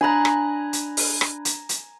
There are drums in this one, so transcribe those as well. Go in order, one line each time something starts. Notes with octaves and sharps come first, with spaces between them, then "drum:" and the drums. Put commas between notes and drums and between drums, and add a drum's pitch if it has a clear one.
D4 G#5 A#5 B5 F#6
drum: rim click
drum: hi-hat
drum: open hi-hat
drum: rim click
drum: hi-hat
drum: hi-hat